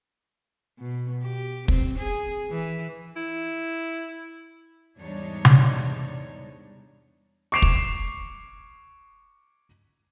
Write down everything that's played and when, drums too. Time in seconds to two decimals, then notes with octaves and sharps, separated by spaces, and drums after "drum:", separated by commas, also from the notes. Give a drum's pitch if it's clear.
0.79 B2
1.24 G4
1.68 C4, drum: kick
1.99 G#4
2.51 E3
3.16 E4
4.98 E2 G#2 G3 D4 D#4 C#5
5.45 drum: tom C3
7.52 C#6 D6 C7 D7 E7 F7
7.62 drum: kick